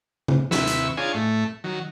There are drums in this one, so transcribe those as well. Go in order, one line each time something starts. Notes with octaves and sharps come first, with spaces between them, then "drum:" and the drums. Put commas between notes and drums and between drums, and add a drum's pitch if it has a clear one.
drum: tom C#3
D#2 C3 E4 B4 C#6 E6, drum: snare
drum: hi-hat
D4 D#4 F4 G#4 C#5 G#5
A2 A3
D#3 F#3